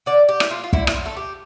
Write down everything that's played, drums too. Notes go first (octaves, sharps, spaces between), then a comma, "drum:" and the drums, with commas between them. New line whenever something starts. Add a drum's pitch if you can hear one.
D3 D5
G4
A3 E4, drum: rim click
F4
F4
D3 E4, drum: kick
E4, drum: rim click
F4
A3 A4
G4